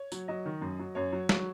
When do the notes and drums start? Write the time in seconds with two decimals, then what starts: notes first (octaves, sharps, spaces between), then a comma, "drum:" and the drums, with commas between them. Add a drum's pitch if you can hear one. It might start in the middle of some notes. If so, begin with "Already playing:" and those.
Already playing: C#5
0.12 F#3, drum: tambourine
0.28 F#3 D#5
0.45 D#3
0.61 F#2
0.79 F#3
0.95 F#2 C#5
1.13 F#3
1.29 F#3, drum: snare